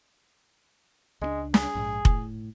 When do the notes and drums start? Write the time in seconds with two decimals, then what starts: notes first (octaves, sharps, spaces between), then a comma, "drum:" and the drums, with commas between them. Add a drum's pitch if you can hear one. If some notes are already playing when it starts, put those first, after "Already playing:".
1.21 C#2 G#3 C4 D4
1.54 G#4, drum: snare
1.75 A#1 G#2 G#3
2.05 A2, drum: kick F1